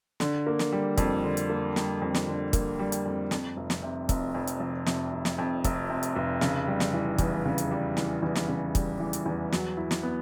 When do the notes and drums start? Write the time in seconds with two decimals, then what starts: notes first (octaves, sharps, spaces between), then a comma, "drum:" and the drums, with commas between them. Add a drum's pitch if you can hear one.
0.20 D3, drum: snare
0.47 A#3
0.59 drum: snare
0.72 G3
0.97 F2, drum: kick, hi-hat
1.24 D3
1.37 drum: hi-hat
1.50 A#3
1.76 G3, drum: snare
2.02 F2
2.15 drum: snare
2.28 D3
2.53 A#3, drum: kick, hi-hat
2.79 G3
2.92 drum: hi-hat
3.05 F2
3.31 F2, drum: snare
3.57 F1
3.70 drum: snare
3.82 C3
4.09 F1, drum: kick, hi-hat
4.34 F2
4.47 drum: hi-hat
4.60 F1
4.86 C3, drum: snare
5.13 F1
5.25 drum: snare
5.38 F2
5.64 F1, drum: kick, hi-hat
5.89 C3
6.03 drum: hi-hat
6.16 F1
6.41 C#3, drum: snare
6.67 G3
6.80 drum: snare
6.93 E3
7.18 E2, drum: kick, hi-hat
7.45 C#3
7.58 drum: hi-hat
7.71 G3
7.97 E3, drum: snare
8.22 E2
8.35 drum: snare
8.49 C#3
8.75 G3, drum: kick, hi-hat
9.00 E3
9.13 drum: hi-hat
9.26 E2
9.52 F#3, drum: snare
9.77 E4
9.91 drum: snare
10.03 B3